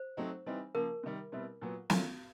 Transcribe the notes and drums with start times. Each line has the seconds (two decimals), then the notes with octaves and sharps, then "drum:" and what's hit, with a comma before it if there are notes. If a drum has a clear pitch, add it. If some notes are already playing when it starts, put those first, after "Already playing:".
Already playing: C5
0.17 F#3 A3 C4 D#4
0.46 E3 G3 C4 D#4
0.75 C#3 F3 A#3 A#4
1.03 C3 D#3 G3
1.32 B2 G3 C4 E4
1.61 A#2 F#3 B3
1.90 D#3 F#3 A3 C#4 F4, drum: snare